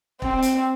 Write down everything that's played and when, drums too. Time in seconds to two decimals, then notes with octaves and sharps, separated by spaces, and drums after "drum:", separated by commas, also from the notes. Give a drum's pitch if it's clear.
0.22 C4, drum: kick
0.42 drum: hi-hat